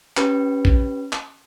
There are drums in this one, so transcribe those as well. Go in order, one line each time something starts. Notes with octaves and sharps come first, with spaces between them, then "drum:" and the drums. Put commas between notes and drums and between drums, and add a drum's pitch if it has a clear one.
C#4 G4 B4, drum: clap
drum: kick A#1
drum: clap